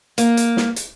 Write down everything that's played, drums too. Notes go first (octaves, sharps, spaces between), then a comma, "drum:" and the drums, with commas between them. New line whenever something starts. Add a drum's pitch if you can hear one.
A#3, drum: hi-hat
drum: hi-hat
drum: snare
drum: hi-hat